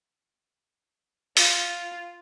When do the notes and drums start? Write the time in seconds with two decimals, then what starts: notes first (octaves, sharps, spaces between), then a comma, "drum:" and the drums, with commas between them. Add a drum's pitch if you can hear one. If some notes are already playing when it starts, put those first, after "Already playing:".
1.37 F4, drum: open hi-hat